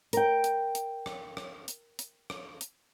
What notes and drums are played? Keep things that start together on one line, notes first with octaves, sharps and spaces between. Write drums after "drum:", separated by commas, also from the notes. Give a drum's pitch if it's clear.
A#4 G5, drum: hi-hat
drum: hi-hat
drum: hi-hat
drum: rim click
drum: rim click
drum: hi-hat
drum: hi-hat
drum: rim click
drum: hi-hat